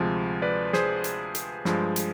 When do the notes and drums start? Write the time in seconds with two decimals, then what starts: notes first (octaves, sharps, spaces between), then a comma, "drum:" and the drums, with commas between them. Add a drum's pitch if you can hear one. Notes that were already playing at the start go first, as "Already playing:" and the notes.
Already playing: D2 C3 F3 G#3
0.42 B4 D5
0.73 G#4 C5, drum: snare
1.04 drum: hi-hat
1.35 drum: hi-hat
1.65 G2 F3 G#3, drum: snare
1.96 drum: hi-hat